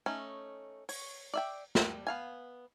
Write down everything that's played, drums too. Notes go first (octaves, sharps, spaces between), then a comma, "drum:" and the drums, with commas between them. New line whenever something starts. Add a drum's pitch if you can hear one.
A3 C#4 D#4
C#5, drum: open hi-hat
D5 E5 G5
G3, drum: snare
B3 F5 G#5